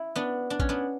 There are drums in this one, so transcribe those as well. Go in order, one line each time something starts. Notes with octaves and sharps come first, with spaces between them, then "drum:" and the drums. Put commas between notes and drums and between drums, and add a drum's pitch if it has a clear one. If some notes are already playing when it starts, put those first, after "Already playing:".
Already playing: E4
B3 D4
D4
C#4, drum: kick A#1
B3 D4